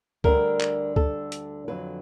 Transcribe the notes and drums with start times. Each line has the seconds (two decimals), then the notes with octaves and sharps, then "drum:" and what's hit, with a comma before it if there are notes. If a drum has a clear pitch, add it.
0.24 D2 D3 G3 A#4, drum: kick C#2
0.60 drum: clap
0.96 A4, drum: kick C#2
1.32 drum: hi-hat
1.68 F2 D3 F#3 B4